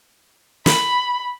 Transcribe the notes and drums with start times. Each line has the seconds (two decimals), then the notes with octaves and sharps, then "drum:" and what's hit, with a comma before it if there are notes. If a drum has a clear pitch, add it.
0.66 B5, drum: snare